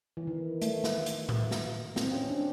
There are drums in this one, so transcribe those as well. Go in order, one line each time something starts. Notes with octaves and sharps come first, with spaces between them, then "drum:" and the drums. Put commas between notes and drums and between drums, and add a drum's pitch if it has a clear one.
E3
D#3
A3, drum: hi-hat
drum: snare
drum: hi-hat
drum: tom A2
drum: snare
C4, drum: snare
C#4
D4